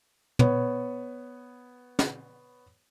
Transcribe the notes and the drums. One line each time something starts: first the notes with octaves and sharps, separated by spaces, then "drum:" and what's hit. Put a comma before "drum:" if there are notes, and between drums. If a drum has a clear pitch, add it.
B3 C#5, drum: tom
drum: snare